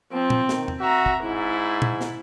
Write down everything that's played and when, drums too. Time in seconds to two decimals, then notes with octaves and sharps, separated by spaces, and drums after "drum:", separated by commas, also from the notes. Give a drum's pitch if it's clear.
0.12 F3 C4
0.30 drum: tom
0.49 D#3, drum: snare
0.68 drum: tom
0.81 F#4 E5 A#5
1.06 drum: kick
1.23 G#2 E4
1.82 drum: tom
2.01 drum: snare